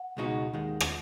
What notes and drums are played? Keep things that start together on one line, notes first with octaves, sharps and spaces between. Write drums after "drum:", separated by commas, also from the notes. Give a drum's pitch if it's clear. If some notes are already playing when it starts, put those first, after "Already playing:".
Already playing: F#5
C#2 B2 G#3 D#4 F#4
D#2 D#3 G#3
drum: rim click